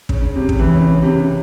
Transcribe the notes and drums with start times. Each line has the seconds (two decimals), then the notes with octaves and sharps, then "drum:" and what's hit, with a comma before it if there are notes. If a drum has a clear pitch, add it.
0.09 C#3, drum: kick
0.22 C#3
0.36 C3
0.49 C#3, drum: kick
0.59 E3
0.69 C#3
0.80 C#3
0.90 C#3
1.02 C3
1.16 C3